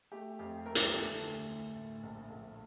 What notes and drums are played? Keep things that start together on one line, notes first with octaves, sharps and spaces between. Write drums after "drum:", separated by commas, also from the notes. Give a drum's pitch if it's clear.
A3 G4
F2 G4
A3 A#4
drum: hi-hat
G4
D3 A4
D2
D2
A2
A#1
A#1